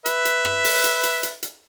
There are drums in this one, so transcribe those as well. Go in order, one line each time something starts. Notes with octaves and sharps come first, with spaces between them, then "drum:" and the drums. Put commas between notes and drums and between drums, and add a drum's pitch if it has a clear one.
B4 E5, drum: hi-hat
drum: hi-hat
drum: rim click
drum: open hi-hat
drum: hi-hat
drum: hi-hat
drum: hi-hat
drum: hi-hat